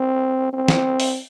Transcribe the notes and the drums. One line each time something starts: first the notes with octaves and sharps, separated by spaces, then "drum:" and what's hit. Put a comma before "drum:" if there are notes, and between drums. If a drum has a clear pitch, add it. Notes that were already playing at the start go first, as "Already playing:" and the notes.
Already playing: C4
C4
drum: snare
drum: open hi-hat